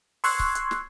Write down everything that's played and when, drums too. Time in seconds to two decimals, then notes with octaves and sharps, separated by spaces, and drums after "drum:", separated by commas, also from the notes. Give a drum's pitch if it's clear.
0.24 C6 C#6 E6 F#6 G#6 C7, drum: open hi-hat
0.39 drum: kick C#1
0.55 drum: hi-hat
0.71 drum: snare